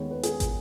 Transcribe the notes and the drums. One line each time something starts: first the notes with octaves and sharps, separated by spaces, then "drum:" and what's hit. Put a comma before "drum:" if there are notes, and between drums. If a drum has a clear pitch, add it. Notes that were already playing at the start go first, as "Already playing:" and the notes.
Already playing: D#2 D#3 G#3 B3 C#5
B4
G#4, drum: hi-hat
drum: kick, hi-hat